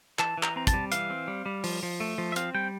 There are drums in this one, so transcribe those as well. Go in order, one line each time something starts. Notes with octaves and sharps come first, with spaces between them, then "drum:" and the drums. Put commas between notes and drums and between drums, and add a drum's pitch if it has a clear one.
E3 A5, drum: clap
E3
A#5, drum: clap
C4 A#5
A5, drum: kick, hi-hat
G3
E3 F5, drum: hi-hat
C4
G3
G3
F3, drum: open hi-hat
F3
A3
F3
E5
C4 F5, drum: hi-hat
G3 G5